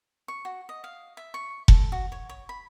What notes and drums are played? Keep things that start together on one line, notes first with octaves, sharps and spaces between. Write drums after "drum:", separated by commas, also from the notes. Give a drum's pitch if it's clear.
C#6
F#4
D#5
F5
E5
C#6
A4, drum: kick F1
F#4
C#5
C#5
B5